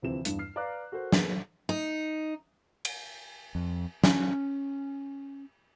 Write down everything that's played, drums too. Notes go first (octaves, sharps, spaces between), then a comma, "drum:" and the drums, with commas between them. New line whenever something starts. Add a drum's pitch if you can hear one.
D2 C3 E3 F3 C4 E7
E2 G2 D4, drum: hi-hat
F6 C7
B4 D5 F5 A#5 D6 F#6
F#4 A4 A#4 C5
A#3 B3 G#4, drum: snare
D#4
drum: cymbal
F2
C#4, drum: snare